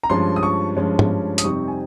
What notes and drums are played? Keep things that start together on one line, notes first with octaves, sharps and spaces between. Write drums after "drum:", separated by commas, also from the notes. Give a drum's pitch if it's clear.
A#5
G2 F3 G#3 C#4 C6
D#6
C#6
G2 F3 G#3 C#4
drum: tom G#2
D#6, drum: hi-hat
F2 C3 G3 C4 D#4 C#6
G#5